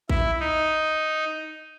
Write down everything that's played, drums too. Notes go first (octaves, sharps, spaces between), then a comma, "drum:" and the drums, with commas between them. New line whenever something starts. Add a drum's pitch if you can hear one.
E4, drum: kick A1
D#4